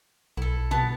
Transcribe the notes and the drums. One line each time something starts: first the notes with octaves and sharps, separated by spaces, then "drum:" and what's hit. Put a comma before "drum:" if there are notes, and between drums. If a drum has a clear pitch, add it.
B1 E4 A4
B3 A5, drum: tom